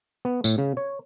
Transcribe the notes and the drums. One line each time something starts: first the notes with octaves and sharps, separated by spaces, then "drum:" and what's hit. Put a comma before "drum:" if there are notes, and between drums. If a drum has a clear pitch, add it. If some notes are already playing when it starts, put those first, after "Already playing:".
B3
A2, drum: tambourine
C#3
C#5